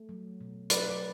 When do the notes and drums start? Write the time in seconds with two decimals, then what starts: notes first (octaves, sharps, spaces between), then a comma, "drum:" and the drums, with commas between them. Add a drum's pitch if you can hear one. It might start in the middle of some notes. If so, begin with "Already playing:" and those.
Already playing: A3
0.09 F#3
0.41 B2
0.70 F#3 B4 D5, drum: hi-hat
0.89 D5